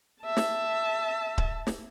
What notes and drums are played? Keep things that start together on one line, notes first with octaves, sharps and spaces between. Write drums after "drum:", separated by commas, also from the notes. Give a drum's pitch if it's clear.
E5 A5
drum: snare
drum: kick D1
drum: snare